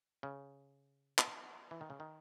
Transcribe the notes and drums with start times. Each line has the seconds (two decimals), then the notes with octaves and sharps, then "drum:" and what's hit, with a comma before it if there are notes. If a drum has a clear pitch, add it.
0.23 C#3
1.18 drum: clap
1.71 E3
1.81 D#3
1.90 C#3
2.00 D#3